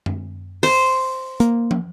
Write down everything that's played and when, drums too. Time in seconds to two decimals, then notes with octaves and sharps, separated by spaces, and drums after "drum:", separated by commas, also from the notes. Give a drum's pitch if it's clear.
0.06 drum: tom F#2
0.63 C5, drum: open hi-hat
1.40 A#3, drum: hi-hat
1.71 drum: tom